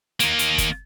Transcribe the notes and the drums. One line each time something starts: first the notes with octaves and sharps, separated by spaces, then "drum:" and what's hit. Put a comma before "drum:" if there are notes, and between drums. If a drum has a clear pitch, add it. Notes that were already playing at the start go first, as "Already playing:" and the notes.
D#3 A#3, drum: hi-hat
drum: hi-hat
drum: kick F#1, hi-hat